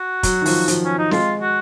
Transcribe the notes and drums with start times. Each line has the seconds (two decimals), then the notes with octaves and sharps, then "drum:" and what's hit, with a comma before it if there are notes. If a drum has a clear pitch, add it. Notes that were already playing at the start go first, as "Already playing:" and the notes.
Already playing: F#4
0.23 F#3, drum: kick, hi-hat
0.41 D#3
0.46 F3, drum: open hi-hat
0.68 F3, drum: hi-hat
0.85 C#4
0.99 D#4
1.11 G#3 F4, drum: snare C4
1.42 F#4